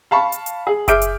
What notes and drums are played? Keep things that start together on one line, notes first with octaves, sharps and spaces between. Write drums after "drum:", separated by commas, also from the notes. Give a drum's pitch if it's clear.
F5 A5 B5 C#6
drum: hi-hat
drum: hi-hat
G#4
G#4 E5 D6 F6 G6 D7, drum: kick F#1, hi-hat
drum: hi-hat